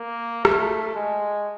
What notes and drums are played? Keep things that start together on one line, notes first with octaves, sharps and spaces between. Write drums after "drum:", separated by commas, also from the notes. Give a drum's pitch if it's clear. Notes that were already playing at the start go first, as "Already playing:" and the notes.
Already playing: A#3
A3, drum: rim click
G#3